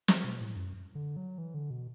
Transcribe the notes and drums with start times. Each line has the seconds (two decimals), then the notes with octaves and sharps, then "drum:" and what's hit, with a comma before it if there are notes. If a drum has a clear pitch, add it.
0.08 F#3, drum: snare
0.24 B2
0.40 A2
0.56 F#2
0.95 D3
1.17 F#3
1.38 E3
1.54 D3
1.70 B2